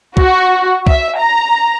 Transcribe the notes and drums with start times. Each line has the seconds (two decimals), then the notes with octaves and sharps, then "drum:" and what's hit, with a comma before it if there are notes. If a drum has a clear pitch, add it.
0.17 F#4, drum: kick C2
0.87 E5, drum: kick C2
1.18 A#5